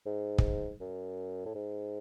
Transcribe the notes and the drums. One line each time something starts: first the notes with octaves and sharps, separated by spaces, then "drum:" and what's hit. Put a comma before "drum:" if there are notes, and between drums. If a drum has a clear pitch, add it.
G#2
drum: kick
F#2
A2
G#2